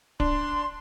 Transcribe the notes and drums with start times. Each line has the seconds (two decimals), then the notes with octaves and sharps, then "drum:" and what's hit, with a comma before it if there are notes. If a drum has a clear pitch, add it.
0.20 D4 C6, drum: kick D1